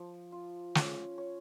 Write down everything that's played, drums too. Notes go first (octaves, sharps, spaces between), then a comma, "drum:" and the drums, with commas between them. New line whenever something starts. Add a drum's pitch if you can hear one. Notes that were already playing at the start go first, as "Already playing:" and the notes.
Already playing: F3
F4
C#4, drum: snare
C#5